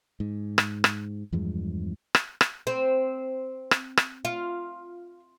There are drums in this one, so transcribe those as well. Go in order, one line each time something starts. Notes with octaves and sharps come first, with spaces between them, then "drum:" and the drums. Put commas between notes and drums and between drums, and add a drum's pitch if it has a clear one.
G#2
drum: rim click
drum: rim click
E2 G2 F3 G#3
drum: rim click
drum: rim click
C4
drum: rim click
drum: rim click
F4